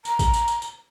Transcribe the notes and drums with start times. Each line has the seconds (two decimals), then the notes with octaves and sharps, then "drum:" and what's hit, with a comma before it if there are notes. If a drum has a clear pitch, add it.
0.05 A#5, drum: tambourine
0.19 drum: kick A1, tambourine
0.33 drum: tambourine
0.48 drum: tambourine
0.62 drum: tambourine